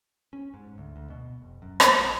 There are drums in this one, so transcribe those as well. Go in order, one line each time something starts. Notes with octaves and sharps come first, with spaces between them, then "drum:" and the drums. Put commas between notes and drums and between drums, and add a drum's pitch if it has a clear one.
C#4
G#2
D2
D2
B2
F1
F#2
G#3, drum: rim click
A#1